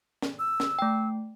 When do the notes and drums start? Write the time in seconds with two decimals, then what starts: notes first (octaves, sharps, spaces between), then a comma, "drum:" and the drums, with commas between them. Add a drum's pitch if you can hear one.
0.22 drum: snare
0.39 E6
0.60 drum: snare
0.79 A3 G5